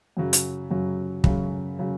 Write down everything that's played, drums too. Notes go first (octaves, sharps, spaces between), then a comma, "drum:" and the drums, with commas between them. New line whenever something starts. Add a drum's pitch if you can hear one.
F#2 C#3 F#3
drum: hi-hat
F#2 C#3 F#3
F#2 C#3 F#3, drum: kick
C#3 F#3